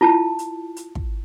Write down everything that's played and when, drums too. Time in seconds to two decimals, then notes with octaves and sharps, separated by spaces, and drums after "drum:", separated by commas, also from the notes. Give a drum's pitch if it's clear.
0.01 E4 F4 A5
0.39 drum: hi-hat
0.76 drum: hi-hat
0.95 drum: kick